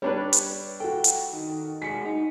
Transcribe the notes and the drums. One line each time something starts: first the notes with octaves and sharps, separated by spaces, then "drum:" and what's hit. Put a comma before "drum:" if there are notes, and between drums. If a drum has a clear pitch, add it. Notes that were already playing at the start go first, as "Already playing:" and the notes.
G3 D4 B4 C#5
drum: hi-hat
F#4 A4 G5
drum: hi-hat
D#3
G#3 F#4 G#4 B6 C#7
D#4